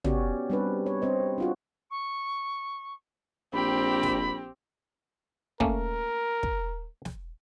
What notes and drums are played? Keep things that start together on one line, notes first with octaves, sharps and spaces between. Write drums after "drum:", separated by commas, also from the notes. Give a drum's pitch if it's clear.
B3 C#4 F#4 G4 C#5 D5, drum: tom
G3 C4 D4 B4
C#5
C4 C5 D#5
D4 F4 F#4
C#6
A#1 C4 G4 B5
drum: snare
A3 A#3 C#4 A#4, drum: kick
drum: kick
drum: snare